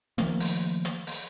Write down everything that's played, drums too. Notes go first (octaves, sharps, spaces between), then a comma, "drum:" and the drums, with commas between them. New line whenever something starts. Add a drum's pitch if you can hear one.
D#3 F3 A3 A#3, drum: hi-hat
drum: open hi-hat
drum: hi-hat
drum: open hi-hat